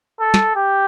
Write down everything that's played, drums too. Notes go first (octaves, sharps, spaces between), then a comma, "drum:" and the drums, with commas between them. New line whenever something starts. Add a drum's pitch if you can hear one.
A4
drum: snare
G4